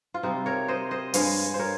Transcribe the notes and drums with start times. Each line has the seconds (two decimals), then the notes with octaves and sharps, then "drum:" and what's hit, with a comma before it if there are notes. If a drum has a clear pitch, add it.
0.14 F4
0.23 C3 G3 C4 D#4
0.46 A#4 C#5
0.68 C5 D#5
0.91 C5 D#5
1.14 G2 F3 G#3 C#5 F5, drum: open hi-hat
1.54 C5
1.59 A#4 C#5